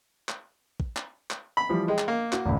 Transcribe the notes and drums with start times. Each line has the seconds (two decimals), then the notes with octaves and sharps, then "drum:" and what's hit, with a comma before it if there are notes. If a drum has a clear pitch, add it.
0.29 drum: clap
0.80 drum: kick
0.97 drum: clap
1.31 drum: clap
1.57 B5
1.69 E3 F3 G3
1.88 G#3 D#5 G5
1.99 drum: clap
2.08 A#3
2.33 F#4, drum: clap
2.45 G#1 C#2